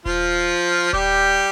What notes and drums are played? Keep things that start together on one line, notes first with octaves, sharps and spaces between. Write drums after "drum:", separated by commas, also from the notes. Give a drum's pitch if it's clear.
F3 F4, drum: kick D#1
G3 G4, drum: kick D#1